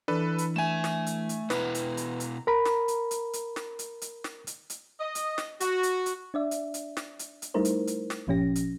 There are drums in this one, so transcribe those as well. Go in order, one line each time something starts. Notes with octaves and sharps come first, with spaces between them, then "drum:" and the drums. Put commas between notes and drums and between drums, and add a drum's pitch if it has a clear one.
E3 D4 A4 B4
drum: hi-hat
A3 E5 G#5 E7
drum: snare
drum: hi-hat
drum: hi-hat
B2 B3 E4 B4 A#5, drum: snare
drum: hi-hat
drum: hi-hat
drum: hi-hat
A#4 A#5 B5
drum: snare
drum: hi-hat
drum: hi-hat
drum: hi-hat
drum: snare
drum: hi-hat
drum: hi-hat
drum: snare
drum: hi-hat
drum: hi-hat
D#5
drum: hi-hat
drum: snare
F#4, drum: hi-hat
drum: hi-hat
drum: hi-hat
D4 D5 E5
drum: hi-hat
drum: hi-hat
drum: snare
drum: hi-hat
drum: hi-hat
G3 A3 D#4 E4 A#4 C5
drum: hi-hat
drum: hi-hat
drum: snare
G1 A#2 F3 C#4 G4 A#6
drum: hi-hat